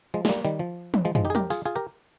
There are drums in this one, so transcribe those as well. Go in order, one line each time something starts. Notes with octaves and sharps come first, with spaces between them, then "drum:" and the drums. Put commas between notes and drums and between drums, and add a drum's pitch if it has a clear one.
F3 G#3
G#3, drum: snare
G3 A#3
D#3 G3, drum: hi-hat
F3
drum: tom
F3 G#3
F3 G#3, drum: tom
D#4 G4
G#4
G4 A#4, drum: tom
F4 G#4, drum: open hi-hat
F4 G#4
G4 A#4